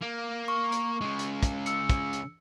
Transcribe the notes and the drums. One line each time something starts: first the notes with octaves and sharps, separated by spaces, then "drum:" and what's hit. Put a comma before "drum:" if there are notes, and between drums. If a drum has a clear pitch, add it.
A#3
C#6
drum: hi-hat
C#3 G#3
drum: hi-hat
drum: kick, hi-hat
E6 C#7, drum: hi-hat
drum: kick, hi-hat
drum: hi-hat